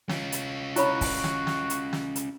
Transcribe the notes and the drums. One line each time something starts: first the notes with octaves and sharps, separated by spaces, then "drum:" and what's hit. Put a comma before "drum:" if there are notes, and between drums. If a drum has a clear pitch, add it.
C#4 F4, drum: snare
drum: hi-hat
E4 F#4 C#5 B5, drum: hi-hat
drum: kick, open hi-hat
drum: snare
drum: snare
drum: hi-hat
drum: snare
drum: hi-hat